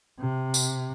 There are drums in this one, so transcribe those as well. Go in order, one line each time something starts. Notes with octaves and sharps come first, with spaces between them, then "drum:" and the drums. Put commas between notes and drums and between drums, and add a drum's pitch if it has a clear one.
C3
drum: tambourine